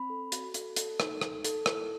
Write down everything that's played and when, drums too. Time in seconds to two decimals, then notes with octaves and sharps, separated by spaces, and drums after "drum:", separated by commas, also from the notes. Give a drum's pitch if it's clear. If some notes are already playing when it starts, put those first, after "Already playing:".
Already playing: C4 B5
0.10 A4
0.32 F#4, drum: hi-hat
0.54 A4, drum: hi-hat
0.76 A4, drum: hi-hat
1.00 D#4, drum: rim click
1.21 A4, drum: rim click
1.45 A4, drum: hi-hat
1.66 E4, drum: rim click